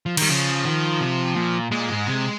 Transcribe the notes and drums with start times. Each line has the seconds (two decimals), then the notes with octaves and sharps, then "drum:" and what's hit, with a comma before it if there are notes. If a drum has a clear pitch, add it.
0.06 F3
0.17 D#3 G3, drum: cymbal
0.29 C#3 F3
0.65 D#3
1.00 C3
1.36 A#2
1.71 A#2 G#3
1.89 G#2
2.07 C3